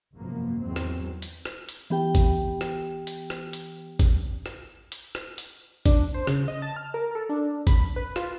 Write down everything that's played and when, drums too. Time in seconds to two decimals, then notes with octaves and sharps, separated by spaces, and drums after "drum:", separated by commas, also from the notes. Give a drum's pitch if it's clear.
0.15 G#1 F#2 C3 F3 A#3 B3
0.62 E2 D#3 E3 F#3 C4
0.76 drum: rim click
1.22 drum: hi-hat
1.45 drum: rim click
1.69 drum: hi-hat
1.90 E3 B3 G4 G5
2.15 drum: kick, hi-hat
2.61 drum: rim click
3.07 drum: hi-hat
3.30 drum: rim click
3.53 drum: hi-hat
3.99 drum: kick, hi-hat
4.46 drum: rim click
4.92 drum: hi-hat
5.15 drum: rim click
5.38 drum: hi-hat
5.86 D4, drum: kick, hi-hat
6.14 C5
6.27 C#3, drum: rim click
6.48 D#5
6.62 A5
6.76 F6
6.94 A#4
7.15 A4
7.29 D4
7.67 B5, drum: kick, hi-hat
7.96 B4
8.16 F4, drum: rim click